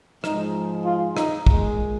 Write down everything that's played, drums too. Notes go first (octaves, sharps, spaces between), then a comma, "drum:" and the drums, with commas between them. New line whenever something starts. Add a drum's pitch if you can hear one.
G#2 F3 G#3 D#4, drum: rim click
F4
D#4, drum: rim click
A#2 G#3, drum: kick